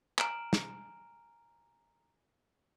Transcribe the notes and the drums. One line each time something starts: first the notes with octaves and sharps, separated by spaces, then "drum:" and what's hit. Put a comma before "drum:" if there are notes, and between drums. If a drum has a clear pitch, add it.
G#5 A#5 F6 D7 E7 F#7, drum: clap
drum: snare